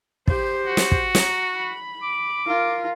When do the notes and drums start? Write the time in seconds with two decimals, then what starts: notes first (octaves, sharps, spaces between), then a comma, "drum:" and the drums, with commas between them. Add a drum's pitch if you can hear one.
0.28 G4 C5, drum: kick
0.66 F#4
0.77 drum: snare
0.92 drum: kick
1.15 A#5, drum: snare
1.57 B5
2.02 D6
2.46 F4 A#4